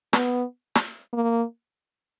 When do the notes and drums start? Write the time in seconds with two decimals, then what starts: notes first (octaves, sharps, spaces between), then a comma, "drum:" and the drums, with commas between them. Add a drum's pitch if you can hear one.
0.13 B3, drum: snare
0.75 drum: snare
1.13 A#3